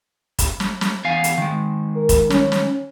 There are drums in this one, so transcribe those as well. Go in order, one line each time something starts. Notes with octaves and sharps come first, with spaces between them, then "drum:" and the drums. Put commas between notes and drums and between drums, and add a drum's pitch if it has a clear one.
drum: kick, hi-hat
drum: snare
drum: snare
E2 F5 G#5
drum: hi-hat
D#3 G#3
A#4
drum: kick, hi-hat
C#4, drum: snare
drum: snare